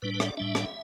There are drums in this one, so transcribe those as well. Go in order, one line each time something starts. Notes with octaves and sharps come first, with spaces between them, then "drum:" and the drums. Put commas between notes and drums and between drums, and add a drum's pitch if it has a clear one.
A2 G3 D4 B4
B4
E5, drum: rim click
D5
A2 G3 D4 E5
drum: rim click